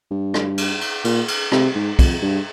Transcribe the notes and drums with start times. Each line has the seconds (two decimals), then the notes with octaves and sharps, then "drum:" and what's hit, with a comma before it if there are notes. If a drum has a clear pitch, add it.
0.11 G2
0.34 drum: rim click
0.58 drum: cymbal
0.81 drum: cymbal
1.04 A#2, drum: cymbal
1.28 drum: cymbal
1.52 C3, drum: rim click
1.75 G#2
1.99 F2, drum: kick, cymbal
2.22 G2